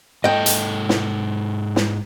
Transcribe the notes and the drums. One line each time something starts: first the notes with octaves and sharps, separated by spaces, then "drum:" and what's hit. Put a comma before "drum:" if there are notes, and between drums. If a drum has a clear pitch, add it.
G#2 A4 D#5 G5
drum: hi-hat
drum: snare
drum: snare